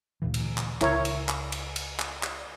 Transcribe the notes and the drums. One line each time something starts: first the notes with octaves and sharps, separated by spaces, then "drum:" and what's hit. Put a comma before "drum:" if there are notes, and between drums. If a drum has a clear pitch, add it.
D2 A#2 E3
drum: cymbal
drum: clap
C#2 E4 A#4 C#5, drum: clap
drum: cymbal
drum: clap
drum: cymbal
drum: cymbal
drum: clap
drum: clap